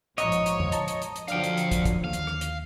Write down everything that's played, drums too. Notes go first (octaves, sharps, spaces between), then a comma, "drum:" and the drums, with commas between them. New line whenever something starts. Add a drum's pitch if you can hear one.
A#1 G#2 F3 C#5 D#5 F#5 A#5 C#6, drum: hi-hat
drum: hi-hat
drum: hi-hat
drum: tom F2
A5 A#5, drum: hi-hat
drum: hi-hat
drum: hi-hat
drum: hi-hat
D3 F3 F#3 D4 F5 G5 F6, drum: hi-hat
drum: hi-hat
drum: hi-hat
drum: kick, hi-hat
drum: kick, hi-hat
D#2 F5
drum: hi-hat
drum: rim click
drum: hi-hat